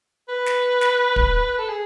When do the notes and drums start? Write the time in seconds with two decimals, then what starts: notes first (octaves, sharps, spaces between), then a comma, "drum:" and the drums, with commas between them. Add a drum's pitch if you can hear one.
0.29 B4
0.46 drum: snare
0.81 drum: snare
1.16 drum: kick
1.58 A4
1.69 G#4